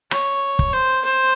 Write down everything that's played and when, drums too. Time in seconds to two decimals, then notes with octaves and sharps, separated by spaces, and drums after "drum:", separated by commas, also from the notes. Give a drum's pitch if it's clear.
0.11 C#5, drum: rim click
0.59 drum: kick
0.73 C5
1.04 C5